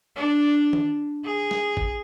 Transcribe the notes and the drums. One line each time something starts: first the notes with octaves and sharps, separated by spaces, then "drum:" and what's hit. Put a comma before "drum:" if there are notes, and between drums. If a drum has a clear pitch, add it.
D4
drum: tom D#3
G#4
drum: snare
drum: kick